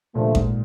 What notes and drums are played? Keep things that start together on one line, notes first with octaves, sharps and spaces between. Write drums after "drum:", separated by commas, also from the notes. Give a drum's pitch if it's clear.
G2 A#2 D3 F3 A3
G#2, drum: kick A1